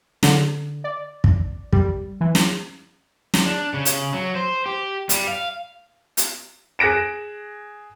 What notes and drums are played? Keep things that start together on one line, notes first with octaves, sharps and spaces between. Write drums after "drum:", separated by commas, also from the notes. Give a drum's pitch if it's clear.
D3, drum: snare
D5
drum: kick
G3, drum: kick
E3
drum: snare
drum: snare
D4
C#3
drum: hi-hat
F#3
C5
G4
G3, drum: hi-hat
F5
drum: hi-hat
G#4 F#6 A#6 D7 E7